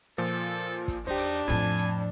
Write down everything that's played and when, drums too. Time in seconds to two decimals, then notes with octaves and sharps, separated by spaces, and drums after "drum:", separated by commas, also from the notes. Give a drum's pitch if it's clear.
0.18 A#2 F3 A4
0.58 drum: hi-hat
0.88 drum: kick, hi-hat
1.07 E2 D4 D#4 G4 C5
1.18 drum: open hi-hat
1.48 F2 A2 F3 G#5, drum: hi-hat
1.77 drum: hi-hat